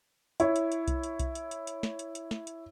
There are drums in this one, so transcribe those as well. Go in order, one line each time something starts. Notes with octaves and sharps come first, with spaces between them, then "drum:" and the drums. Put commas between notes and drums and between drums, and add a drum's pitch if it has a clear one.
E4 C#5, drum: hi-hat
drum: hi-hat
drum: hi-hat
drum: kick B1, hi-hat
drum: hi-hat
drum: kick B1, hi-hat
drum: hi-hat
drum: hi-hat
drum: hi-hat
drum: snare
drum: hi-hat
drum: hi-hat
drum: snare
drum: hi-hat